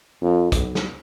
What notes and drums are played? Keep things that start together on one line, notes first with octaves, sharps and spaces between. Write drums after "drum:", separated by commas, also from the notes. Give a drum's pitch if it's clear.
F2
B1, drum: kick, hi-hat
drum: snare